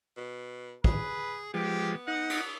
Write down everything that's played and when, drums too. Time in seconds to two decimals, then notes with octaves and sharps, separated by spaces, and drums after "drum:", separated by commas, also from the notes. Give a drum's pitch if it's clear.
0.17 B2
0.84 G#4 B4, drum: kick
1.54 F3 G#3 B3 G4
2.08 D#4 F#5
2.30 drum: cymbal